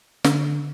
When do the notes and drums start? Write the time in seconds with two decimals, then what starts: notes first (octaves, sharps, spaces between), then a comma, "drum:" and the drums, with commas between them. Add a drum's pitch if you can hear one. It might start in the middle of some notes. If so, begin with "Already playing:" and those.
0.24 D3, drum: snare